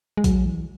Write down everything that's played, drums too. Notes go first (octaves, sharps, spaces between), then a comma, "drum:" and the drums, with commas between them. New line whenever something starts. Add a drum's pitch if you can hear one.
G#3
F#3, drum: kick A#1, hi-hat
E3